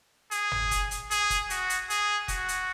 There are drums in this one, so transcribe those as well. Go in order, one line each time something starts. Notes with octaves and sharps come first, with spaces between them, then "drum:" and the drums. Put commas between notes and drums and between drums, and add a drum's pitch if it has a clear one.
G#4, drum: hi-hat
drum: tom
drum: kick F1, hi-hat
drum: hi-hat
G#4, drum: hi-hat
drum: kick F1, hi-hat
F#4, drum: hi-hat
drum: hi-hat
G#4, drum: hi-hat
F#4, drum: kick F1, hi-hat
drum: hi-hat